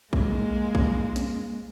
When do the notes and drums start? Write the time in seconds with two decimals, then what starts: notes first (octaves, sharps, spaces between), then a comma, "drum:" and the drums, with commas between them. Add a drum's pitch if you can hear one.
0.13 G#3 A#3, drum: kick A#1
0.75 drum: kick A#1
1.16 drum: snare